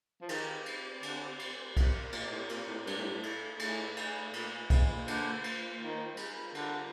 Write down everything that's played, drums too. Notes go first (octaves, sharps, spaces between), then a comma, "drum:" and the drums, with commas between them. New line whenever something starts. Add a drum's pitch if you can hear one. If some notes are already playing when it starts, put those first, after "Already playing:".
F3
D#3 C4 G4 D5, drum: cymbal
drum: cymbal
D3, drum: cymbal
drum: cymbal
C3 C4 G4 A#4 D5, drum: kick B1, cymbal
A#2, drum: cymbal
A2
A#2, drum: cymbal
A2
G2, drum: cymbal
A2
G2
A2
A3 D#4 A4 D5, drum: cymbal
A2, drum: cymbal
drum: cymbal
A#2, drum: cymbal
A#3 F4 C5, drum: kick B1, cymbal
D3, drum: cymbal
drum: cymbal
D#3
G3 C4 F4 A#4, drum: cymbal
D3, drum: cymbal